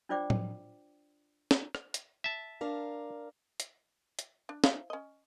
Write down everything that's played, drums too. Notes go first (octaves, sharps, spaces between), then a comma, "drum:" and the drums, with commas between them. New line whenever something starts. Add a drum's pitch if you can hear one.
D4 F4 C5 D5 G5 D6
drum: tom
drum: snare
drum: rim click
drum: hi-hat
E5 A5
D4 A#4 F5
drum: hi-hat
drum: hi-hat
D4
E4 C5 F5, drum: snare
C#4 D#5